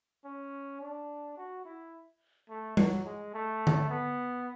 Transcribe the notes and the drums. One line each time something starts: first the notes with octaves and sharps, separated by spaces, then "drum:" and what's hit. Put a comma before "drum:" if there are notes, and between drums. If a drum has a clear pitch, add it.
C#4
D4
F#4
E4
A3
F#3, drum: tom G3
G#3
A3
drum: tom D3
B3